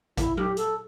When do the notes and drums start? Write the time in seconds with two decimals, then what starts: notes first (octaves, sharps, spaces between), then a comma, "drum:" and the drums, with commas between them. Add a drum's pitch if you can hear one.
0.17 E4, drum: kick A1, hi-hat
0.37 G4, drum: tom F#3
0.57 A4, drum: hi-hat